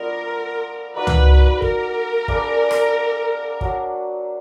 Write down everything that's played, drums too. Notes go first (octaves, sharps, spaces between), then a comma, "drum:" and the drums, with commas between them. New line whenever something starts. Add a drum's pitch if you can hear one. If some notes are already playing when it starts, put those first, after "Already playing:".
Already playing: F3 B3 D4 A#4
A#3 D#4 F#4 B4 D5
drum: tom C#2
A#4, drum: kick
A#3 D4 G#4 B4, drum: kick
drum: rim click
F#3 D4 F#4, drum: kick